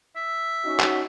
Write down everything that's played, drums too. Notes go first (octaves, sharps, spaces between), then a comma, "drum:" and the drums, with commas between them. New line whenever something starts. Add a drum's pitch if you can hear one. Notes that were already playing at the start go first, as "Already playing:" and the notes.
E5
C#4 D#4 F#4
drum: clap